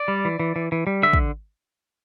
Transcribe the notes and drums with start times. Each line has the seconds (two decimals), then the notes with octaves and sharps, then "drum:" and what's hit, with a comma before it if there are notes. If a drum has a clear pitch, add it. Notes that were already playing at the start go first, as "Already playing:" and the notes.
Already playing: D5
0.08 G3
0.25 E3
0.40 E3
0.56 E3
0.72 E3
0.87 G3
1.03 D3 E5
1.13 drum: kick